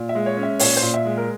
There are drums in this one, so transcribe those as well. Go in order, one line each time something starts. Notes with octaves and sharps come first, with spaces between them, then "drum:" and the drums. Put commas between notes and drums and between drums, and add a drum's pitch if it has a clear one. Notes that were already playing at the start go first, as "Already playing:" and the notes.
Already playing: A#2
E5
G#3
C#5
C#4
E5
A#2 C#5, drum: open hi-hat
C5
A#2
E5
G#3
A#4